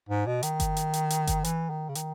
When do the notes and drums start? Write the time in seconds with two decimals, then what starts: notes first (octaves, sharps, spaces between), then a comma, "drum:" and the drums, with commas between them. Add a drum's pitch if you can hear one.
0.09 G#2
0.26 B2
0.43 D#3, drum: hi-hat
0.60 drum: kick G1, hi-hat
0.77 drum: hi-hat
0.93 drum: hi-hat
1.10 drum: hi-hat
1.27 drum: kick G1, hi-hat
1.44 E3, drum: hi-hat
1.70 D#3
1.89 C#3
1.95 D#3, drum: hi-hat